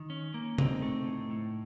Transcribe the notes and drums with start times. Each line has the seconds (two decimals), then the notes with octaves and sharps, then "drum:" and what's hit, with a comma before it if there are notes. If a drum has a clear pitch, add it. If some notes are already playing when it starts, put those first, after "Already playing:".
Already playing: D#3
0.10 C#4
0.34 A#3
0.58 C4 D#4, drum: tom C3
0.82 A3
1.06 A2
1.31 A2